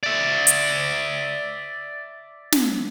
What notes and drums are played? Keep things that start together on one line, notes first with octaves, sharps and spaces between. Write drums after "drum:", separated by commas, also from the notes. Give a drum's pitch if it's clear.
D5 E5
drum: hi-hat
drum: snare